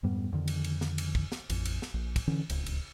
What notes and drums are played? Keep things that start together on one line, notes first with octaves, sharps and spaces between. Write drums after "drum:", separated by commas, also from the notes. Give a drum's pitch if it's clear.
F2 G#2 G3 B3
F2 D3 D#3
drum: cymbal
drum: cymbal
drum: snare
drum: cymbal
drum: kick
drum: snare
A1 F2, drum: cymbal
drum: cymbal
drum: snare
A#1
drum: kick, cymbal
D3 E3 C#4
D1 C#2, drum: cymbal
drum: cymbal